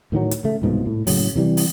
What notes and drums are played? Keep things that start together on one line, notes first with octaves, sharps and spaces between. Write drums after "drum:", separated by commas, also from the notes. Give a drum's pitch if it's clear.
A2 D#3 F3 F#3
drum: hi-hat
C#3 A3
C2 G#2 B2 F3
A2
F#1 A2 C#3 F#3, drum: open hi-hat
C3 E3 G3
drum: open hi-hat